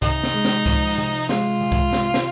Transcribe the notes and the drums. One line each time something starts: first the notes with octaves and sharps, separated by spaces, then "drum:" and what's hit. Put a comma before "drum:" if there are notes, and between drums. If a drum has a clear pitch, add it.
C3 D#4, drum: kick C2, hi-hat
drum: snare
G#3
drum: snare
F3, drum: kick C2, hi-hat
drum: open hi-hat
C3
G#3 F4, drum: snare
C3
drum: kick C2, hi-hat
C3, drum: snare
drum: snare